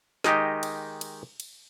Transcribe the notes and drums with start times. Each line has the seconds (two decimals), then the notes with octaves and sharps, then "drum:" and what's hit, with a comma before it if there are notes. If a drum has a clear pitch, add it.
0.24 D#3 G#3 D#4 G4 D#5, drum: snare
0.63 drum: cymbal
1.01 drum: cymbal
1.40 drum: cymbal